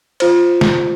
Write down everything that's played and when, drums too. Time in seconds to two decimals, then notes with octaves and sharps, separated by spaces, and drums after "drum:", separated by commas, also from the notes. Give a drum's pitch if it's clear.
0.20 F4 C5, drum: cymbal
0.61 drum: snare